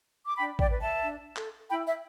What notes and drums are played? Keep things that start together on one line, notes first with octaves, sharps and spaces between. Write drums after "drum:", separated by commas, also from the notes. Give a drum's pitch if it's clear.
D6
D4 G5 B5
D5 G5, drum: kick A1
B4
E5 A5
D4
A4, drum: clap
E4 G5 B5
E5